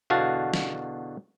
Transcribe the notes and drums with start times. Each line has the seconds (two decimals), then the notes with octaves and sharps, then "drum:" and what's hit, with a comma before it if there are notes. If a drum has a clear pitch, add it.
0.10 E2 B2 D3 F#4 F5 A5
0.54 drum: snare